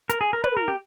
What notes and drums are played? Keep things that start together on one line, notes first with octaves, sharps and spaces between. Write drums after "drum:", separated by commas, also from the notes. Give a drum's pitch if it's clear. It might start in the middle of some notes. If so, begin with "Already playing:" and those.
A#4, drum: hi-hat
G#4
A#4
B4, drum: tom
A#4
G4